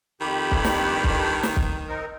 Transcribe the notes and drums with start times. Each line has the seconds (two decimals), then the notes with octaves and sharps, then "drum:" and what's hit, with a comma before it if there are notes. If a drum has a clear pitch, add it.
0.21 F2 D#3 G4 B5
0.51 G2, drum: kick
0.65 drum: snare
1.04 drum: kick
1.43 drum: snare
1.56 drum: kick
1.88 C4 D#4 A#4